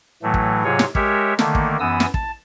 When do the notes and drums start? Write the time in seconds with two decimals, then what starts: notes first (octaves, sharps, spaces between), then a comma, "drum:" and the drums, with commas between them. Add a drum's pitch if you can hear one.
0.23 A2 E3 F#3 A3
0.34 drum: kick
0.64 G#2 C3 F#3 F4 G#4 C#5
0.79 drum: snare
0.95 G#3 G4 A#4 C#5 E5, drum: kick
1.39 D3 D#3 A3 A#3, drum: snare
1.55 drum: kick
1.80 F#2 E3 B3 D#6 E6
2.00 drum: snare
2.14 A5, drum: kick